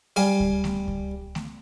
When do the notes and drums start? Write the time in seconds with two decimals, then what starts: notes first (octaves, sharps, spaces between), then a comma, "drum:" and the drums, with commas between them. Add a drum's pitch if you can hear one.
0.16 G3 F5 G#5
0.40 drum: kick C#2
0.64 drum: snare A3
0.88 drum: kick C#2
1.35 drum: snare A3